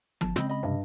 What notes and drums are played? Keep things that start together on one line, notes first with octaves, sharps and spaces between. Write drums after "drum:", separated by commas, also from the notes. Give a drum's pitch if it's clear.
G1 A5, drum: tom F3
C#3 G#3 C4 C#4 C5 D#5 B5, drum: snare
D#5 B5
G2 C3